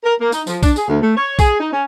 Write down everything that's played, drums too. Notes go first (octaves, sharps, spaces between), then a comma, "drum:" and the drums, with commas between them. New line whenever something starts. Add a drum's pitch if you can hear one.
A#4
A#3
D#4, drum: tambourine
F3, drum: tambourine
D4, drum: kick B1, tambourine
G#4, drum: tambourine
D2
A3
C#5
G#4, drum: kick B1, tambourine
D#4
C#4